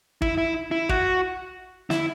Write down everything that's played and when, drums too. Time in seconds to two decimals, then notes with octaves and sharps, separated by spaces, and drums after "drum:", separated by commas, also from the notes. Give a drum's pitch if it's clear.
0.22 E4, drum: kick
0.38 E4
0.71 E4
0.89 F#4, drum: kick
1.90 E4, drum: snare